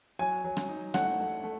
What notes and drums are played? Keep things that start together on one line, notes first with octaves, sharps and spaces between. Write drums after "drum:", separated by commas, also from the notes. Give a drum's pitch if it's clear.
F#3 G#5
F#3
drum: rim click
D#4
A3 F#5, drum: rim click
A3
A3